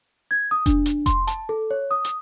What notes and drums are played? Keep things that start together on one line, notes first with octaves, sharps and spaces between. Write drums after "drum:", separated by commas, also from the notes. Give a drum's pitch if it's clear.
G#6
D#6
D4, drum: kick F1, hi-hat
drum: hi-hat
C6, drum: kick F1, hi-hat
A5, drum: hi-hat
A4
C#5
D#6
drum: hi-hat